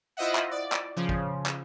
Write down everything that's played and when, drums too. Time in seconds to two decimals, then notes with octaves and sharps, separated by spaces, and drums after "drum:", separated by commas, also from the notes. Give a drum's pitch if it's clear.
0.17 E4 F4 C5 D#5 E5 F#5
0.35 drum: clap
0.51 D5
0.72 drum: clap
0.96 C#3 F3
1.09 drum: kick
1.46 drum: clap